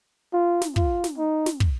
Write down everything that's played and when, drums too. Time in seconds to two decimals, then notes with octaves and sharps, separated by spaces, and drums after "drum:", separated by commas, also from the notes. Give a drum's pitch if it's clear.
0.33 F4
0.62 drum: snare
0.76 F4, drum: kick
1.04 drum: snare
1.18 D#4
1.46 drum: snare
1.60 drum: kick